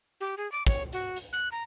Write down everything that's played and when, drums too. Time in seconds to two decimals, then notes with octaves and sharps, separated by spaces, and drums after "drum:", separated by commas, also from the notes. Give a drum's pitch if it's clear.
0.21 G4
0.37 G#4
0.52 D6
0.67 C#5, drum: kick, hi-hat
0.93 F#4, drum: hi-hat
1.16 drum: hi-hat
1.33 F#6
1.52 A#5